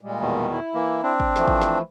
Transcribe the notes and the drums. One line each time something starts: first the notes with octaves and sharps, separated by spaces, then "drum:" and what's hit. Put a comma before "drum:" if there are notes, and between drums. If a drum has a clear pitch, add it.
A#2 G3 G#3
E2 B2 D#3
E4
E3 A#3
C4 D4
drum: kick
E3 F3 A3, drum: snare
drum: kick
drum: snare